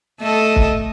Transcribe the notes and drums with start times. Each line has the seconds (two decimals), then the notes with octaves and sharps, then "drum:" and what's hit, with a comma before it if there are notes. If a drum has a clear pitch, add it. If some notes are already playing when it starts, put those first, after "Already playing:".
0.20 A3 A4 D#5
0.56 drum: kick